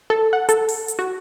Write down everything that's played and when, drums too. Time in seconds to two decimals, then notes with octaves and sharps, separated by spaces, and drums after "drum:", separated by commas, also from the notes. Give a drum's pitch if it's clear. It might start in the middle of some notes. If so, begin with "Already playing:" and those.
0.10 A4
0.33 F#5
0.49 A4, drum: hi-hat
0.69 drum: open hi-hat
0.88 drum: hi-hat
0.99 F#4